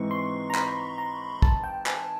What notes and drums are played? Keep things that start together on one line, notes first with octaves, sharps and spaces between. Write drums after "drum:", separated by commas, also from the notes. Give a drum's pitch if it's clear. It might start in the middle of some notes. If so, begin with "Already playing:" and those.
Already playing: G#2 E3 G#3 C4 C#6
C6
A#5
B5, drum: clap
A#5
A5, drum: kick
G5
G#5, drum: clap